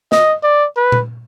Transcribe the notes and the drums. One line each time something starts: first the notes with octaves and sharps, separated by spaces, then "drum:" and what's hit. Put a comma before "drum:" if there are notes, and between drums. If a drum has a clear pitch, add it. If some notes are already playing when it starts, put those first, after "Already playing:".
D#5, drum: snare
D5
B4
drum: tom A#2